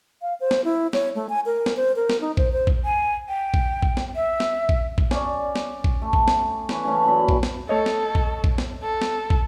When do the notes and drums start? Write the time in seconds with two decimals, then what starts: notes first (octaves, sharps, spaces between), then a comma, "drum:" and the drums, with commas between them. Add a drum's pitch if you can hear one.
0.22 F5
0.40 C5
0.51 drum: snare B3
0.64 E4
0.93 C#5, drum: snare B3
1.15 A3
1.29 G#5
1.46 A#4
1.66 drum: snare B3
1.77 C5
1.96 A#4
2.10 drum: snare B3
2.21 D#4
2.37 C5, drum: kick
2.53 C5
2.67 drum: kick
2.85 G#5
3.29 G5
3.54 drum: kick
3.83 drum: kick
3.97 drum: snare B3
4.16 E5
4.40 drum: snare B3
4.69 drum: kick
4.98 drum: kick
5.11 C#4 D5, drum: snare B3
5.56 drum: snare B3
5.84 drum: kick
6.02 A3
6.13 drum: kick
6.28 drum: snare B3
6.69 E3 C#4, drum: snare B3
6.84 C#3 E3 A3 C#4
7.04 F#2 A#2 B5
7.29 drum: kick
7.43 drum: snare B3
7.69 A3 A4 C#5 D#5
7.86 drum: snare B3
8.15 drum: kick
8.44 drum: kick
8.58 drum: snare B3
8.83 A4
9.02 drum: snare B3
9.30 drum: kick